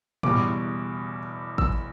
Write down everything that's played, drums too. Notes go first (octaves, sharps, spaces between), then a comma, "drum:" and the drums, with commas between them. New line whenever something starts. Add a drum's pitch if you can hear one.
F#1 E2 B2 G3 D6, drum: tom
E6, drum: kick